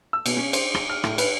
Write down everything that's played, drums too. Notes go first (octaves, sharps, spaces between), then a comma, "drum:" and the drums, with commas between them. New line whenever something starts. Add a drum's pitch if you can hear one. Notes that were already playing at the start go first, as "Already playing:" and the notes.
E6
B2, drum: cymbal
C#4
C5, drum: cymbal
G7, drum: rim click
F6
A2, drum: rim click
B4, drum: cymbal